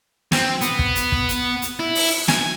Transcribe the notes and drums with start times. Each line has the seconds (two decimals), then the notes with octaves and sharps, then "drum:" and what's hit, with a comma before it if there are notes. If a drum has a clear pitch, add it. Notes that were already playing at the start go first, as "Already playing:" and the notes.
0.32 C4, drum: snare
0.61 B3, drum: hi-hat
0.79 drum: kick
0.95 drum: hi-hat
1.12 drum: kick
1.29 drum: hi-hat
1.62 drum: hi-hat
1.80 E4
1.95 drum: open hi-hat
2.28 G#5, drum: snare